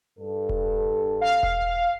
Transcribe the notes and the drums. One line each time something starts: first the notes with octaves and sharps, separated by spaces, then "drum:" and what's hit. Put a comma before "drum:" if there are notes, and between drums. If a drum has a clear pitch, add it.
G2 A4
drum: kick E1
F5
drum: kick E1